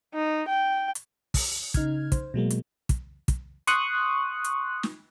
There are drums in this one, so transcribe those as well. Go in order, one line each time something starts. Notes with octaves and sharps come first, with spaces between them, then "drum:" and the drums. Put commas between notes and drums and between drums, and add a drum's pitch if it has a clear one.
D#4
G5
drum: hi-hat
drum: kick, open hi-hat
C#3 D#4 F6 G#6, drum: kick, hi-hat
C5, drum: kick, hi-hat
B2 F#3 G#3 A#3
drum: hi-hat
drum: kick, hi-hat
drum: kick, hi-hat
C6 C#6 D#6 F#6, drum: hi-hat
drum: hi-hat
drum: snare